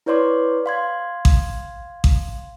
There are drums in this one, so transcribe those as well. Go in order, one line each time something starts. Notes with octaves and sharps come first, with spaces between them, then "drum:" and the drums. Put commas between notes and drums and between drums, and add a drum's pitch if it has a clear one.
E4 B4 C#5 D5 C6 D6
F5 C6 G#6
drum: kick A1
drum: kick A1